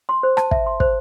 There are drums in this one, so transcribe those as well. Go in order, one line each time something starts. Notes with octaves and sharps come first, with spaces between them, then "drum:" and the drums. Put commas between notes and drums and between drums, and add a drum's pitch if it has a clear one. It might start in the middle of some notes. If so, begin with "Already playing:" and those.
C6
C5
A5, drum: rim click
E5, drum: kick
C6
C5, drum: kick